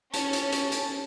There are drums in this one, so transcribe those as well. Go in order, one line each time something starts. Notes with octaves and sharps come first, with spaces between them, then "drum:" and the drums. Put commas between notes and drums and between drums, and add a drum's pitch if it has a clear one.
C#4 A5, drum: hi-hat
drum: hi-hat
drum: hi-hat
drum: hi-hat